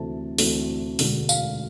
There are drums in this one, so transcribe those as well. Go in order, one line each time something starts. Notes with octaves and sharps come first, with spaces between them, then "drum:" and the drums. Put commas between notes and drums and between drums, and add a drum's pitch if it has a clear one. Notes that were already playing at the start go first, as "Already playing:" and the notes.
Already playing: D2 C3 E3 A3 C4 A5
D2 C3 E3 A3 C4, drum: open hi-hat
E1 D2 D3 G#3 D4, drum: open hi-hat
F5, drum: tambourine